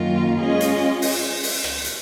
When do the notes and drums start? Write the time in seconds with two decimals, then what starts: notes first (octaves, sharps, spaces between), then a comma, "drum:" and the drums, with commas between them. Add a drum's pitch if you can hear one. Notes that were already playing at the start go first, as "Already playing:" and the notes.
Already playing: F#2 D#3 A#3 F4
0.40 G#3 C#4 F4 G#4 D#5
0.61 drum: hi-hat
1.02 drum: open hi-hat
1.43 drum: open hi-hat
1.64 drum: rim click
1.84 drum: hi-hat